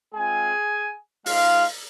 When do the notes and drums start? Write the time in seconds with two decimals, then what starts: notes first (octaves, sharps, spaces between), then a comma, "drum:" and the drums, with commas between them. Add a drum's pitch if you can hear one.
0.14 G#3 C4 F4 G#4 G#5
1.26 G#3 D#4 F4 F5, drum: open hi-hat